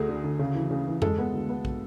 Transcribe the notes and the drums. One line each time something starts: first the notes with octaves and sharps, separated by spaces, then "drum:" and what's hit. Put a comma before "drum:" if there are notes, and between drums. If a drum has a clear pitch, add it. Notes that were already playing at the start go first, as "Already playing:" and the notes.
Already playing: D2 A3 G#4
D3
D2
C#3
E3
C#3
E3
G#3 A4, drum: tom F2
B3
D2
B3
drum: kick